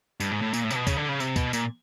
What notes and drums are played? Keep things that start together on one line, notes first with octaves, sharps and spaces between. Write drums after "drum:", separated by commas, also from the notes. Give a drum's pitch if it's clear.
G2, drum: tambourine
G#2
A2
A#2, drum: tambourine
A2
C3, drum: tambourine
B2
C#3, drum: kick, tambourine
D3
C#3
C3, drum: tambourine
B2, drum: kick, tambourine
A#2, drum: tambourine